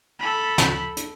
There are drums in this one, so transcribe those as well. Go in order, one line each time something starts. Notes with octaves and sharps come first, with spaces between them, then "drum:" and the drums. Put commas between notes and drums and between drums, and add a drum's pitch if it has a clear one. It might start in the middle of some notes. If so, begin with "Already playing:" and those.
A4 B5
drum: snare
drum: hi-hat